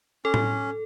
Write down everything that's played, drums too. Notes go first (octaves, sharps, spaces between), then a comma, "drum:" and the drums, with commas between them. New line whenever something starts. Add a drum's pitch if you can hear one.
C#4 A4
drum: tom A2